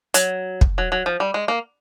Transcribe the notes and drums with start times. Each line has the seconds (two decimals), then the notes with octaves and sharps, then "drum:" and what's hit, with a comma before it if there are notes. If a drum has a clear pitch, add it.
0.14 F#3, drum: hi-hat
0.61 drum: kick
0.78 F#3
0.92 F#3
1.06 F3
1.20 G3
1.34 G#3
1.48 A#3